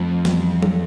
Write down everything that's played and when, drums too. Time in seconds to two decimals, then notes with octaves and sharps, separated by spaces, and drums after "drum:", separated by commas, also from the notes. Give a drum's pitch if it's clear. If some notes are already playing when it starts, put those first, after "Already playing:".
Already playing: F2 A3
0.25 E3 G3 B3, drum: snare
0.63 drum: tom F#3